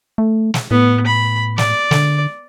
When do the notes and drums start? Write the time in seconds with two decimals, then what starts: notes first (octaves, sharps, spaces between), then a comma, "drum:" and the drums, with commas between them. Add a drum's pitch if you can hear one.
0.18 A3
0.54 drum: snare
0.71 A2 B3
1.07 B5
1.58 D5, drum: snare
1.91 D3, drum: snare